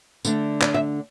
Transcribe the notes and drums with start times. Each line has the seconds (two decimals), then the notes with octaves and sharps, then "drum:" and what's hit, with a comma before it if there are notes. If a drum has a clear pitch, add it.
0.25 D3 A3 D4, drum: tambourine
0.62 D5, drum: clap
0.74 E5